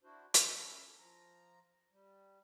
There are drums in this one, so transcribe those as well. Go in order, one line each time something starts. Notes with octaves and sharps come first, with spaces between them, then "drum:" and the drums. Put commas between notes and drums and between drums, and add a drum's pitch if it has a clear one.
D4 E4 F#4 C5
C#4 D4 E4 A4 A#4, drum: hi-hat
F3 A#5
G3